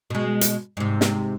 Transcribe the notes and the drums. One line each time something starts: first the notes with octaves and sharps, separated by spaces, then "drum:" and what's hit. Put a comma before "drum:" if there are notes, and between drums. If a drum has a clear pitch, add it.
B2 G#3
drum: hi-hat
G#2 C3
drum: snare